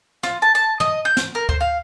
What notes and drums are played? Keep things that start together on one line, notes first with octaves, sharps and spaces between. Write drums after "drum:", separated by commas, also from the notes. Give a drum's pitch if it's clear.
F4, drum: snare
A5
A5
D#5, drum: tom
G6
drum: snare
A#4
C5, drum: kick D2
F5